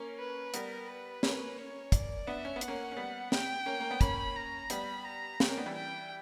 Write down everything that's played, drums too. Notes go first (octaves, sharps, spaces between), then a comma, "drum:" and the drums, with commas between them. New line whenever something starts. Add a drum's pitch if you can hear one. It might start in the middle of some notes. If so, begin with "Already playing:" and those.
Already playing: A#3 C#4
B4
G3 B3 A#4, drum: hi-hat
B4
A#3 C#4, drum: snare
C#5
D5, drum: kick, hi-hat
B3 D4 E5
C#4
B3
F#5, drum: hi-hat
A#3 C#4
C#4
G3 B3
G5, drum: snare
A#3 C#4
A#3
B3
A#3 C#4 B5, drum: kick, hi-hat
A#5
G3 B3 B5, drum: hi-hat
A#5
G5, drum: snare
A#3 C#4
B3 D4
E3 G3
G5